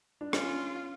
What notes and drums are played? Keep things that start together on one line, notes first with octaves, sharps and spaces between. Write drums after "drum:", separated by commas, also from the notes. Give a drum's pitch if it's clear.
D4
C#4 F4, drum: rim click